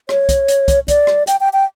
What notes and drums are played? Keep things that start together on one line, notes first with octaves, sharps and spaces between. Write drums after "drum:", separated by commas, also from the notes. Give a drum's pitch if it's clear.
C#5, drum: rim click
drum: kick, hi-hat
drum: hi-hat
drum: kick, hi-hat
D5, drum: kick, hi-hat
drum: rim click
G5, drum: hi-hat
G5
G5